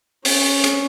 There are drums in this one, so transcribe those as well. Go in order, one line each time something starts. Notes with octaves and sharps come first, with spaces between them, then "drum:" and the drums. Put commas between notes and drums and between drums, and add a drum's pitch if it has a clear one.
C#4, drum: open hi-hat
drum: hi-hat